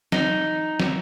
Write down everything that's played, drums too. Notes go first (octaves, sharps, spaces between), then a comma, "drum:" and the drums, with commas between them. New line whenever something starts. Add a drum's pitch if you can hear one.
D#4, drum: snare
drum: snare